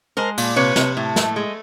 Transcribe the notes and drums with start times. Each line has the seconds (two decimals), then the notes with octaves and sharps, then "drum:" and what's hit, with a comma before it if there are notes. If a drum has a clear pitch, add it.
0.17 G#3 A#4 C5
0.38 A#2, drum: cymbal
0.56 C3 B4 C#5
0.76 C3, drum: snare
0.97 A2
1.16 A3, drum: snare
1.36 G#3